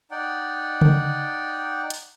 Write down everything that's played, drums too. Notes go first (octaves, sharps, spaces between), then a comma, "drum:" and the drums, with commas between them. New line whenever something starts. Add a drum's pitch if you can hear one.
D#4 D5 F#5 G5
drum: tom C#3
drum: hi-hat